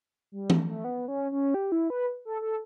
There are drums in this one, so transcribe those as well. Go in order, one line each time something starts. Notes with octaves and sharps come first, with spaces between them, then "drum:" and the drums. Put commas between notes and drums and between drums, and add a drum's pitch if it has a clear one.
G3
A3, drum: tom E3
A3
B3
C#4
C#4
G4
E4
B4
A4
A4